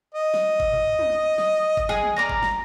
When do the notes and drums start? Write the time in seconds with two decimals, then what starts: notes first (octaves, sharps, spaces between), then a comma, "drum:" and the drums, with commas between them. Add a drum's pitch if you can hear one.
0.14 D#5
0.34 drum: snare
0.60 drum: kick G1
0.73 drum: tom
0.99 drum: tom
1.38 drum: snare
1.77 drum: kick G1
1.89 G#4, drum: snare
2.03 drum: tom
2.16 A#4 D5 A#5
2.29 drum: kick G1
2.43 drum: snare